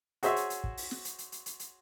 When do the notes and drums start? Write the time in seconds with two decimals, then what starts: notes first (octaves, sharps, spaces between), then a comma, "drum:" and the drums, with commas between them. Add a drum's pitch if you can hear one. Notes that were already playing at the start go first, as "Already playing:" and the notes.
0.23 F#4 G#4 C5 C#5 E5, drum: hi-hat
0.36 drum: hi-hat
0.50 drum: hi-hat
0.64 drum: kick
0.77 drum: open hi-hat
0.91 drum: snare
1.05 drum: hi-hat
1.18 drum: hi-hat
1.32 drum: hi-hat
1.46 drum: hi-hat
1.59 drum: hi-hat